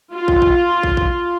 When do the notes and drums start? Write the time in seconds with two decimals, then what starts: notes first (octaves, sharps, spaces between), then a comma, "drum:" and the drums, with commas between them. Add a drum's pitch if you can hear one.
0.14 F4
0.28 drum: kick
0.42 drum: kick
0.83 drum: kick
0.97 drum: kick